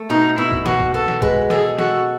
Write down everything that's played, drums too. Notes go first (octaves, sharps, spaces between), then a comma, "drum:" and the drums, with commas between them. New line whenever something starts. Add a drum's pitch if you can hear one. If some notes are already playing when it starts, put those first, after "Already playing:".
Already playing: A3
B2 D#4
B2 E4
drum: kick
B2 F#4, drum: snare
drum: kick
B3 A4
drum: snare
G#3 B4, drum: kick
G#4 A4, drum: snare
F#4 A4, drum: snare